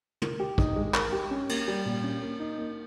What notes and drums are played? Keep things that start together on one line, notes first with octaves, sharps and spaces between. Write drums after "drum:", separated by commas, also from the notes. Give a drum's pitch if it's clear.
A#4, drum: tom
G4
D#4, drum: kick
G#3
A#4, drum: clap
G4
C#4
A#3, drum: cymbal
G3
A#2
C#4
A#3
D#4
A#3